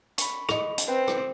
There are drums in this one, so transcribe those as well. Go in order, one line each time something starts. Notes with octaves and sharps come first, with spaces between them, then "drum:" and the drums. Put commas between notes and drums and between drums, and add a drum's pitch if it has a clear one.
B5 C#6, drum: hi-hat
D#5 F7, drum: rim click
drum: hi-hat
C4 B4 G5
drum: rim click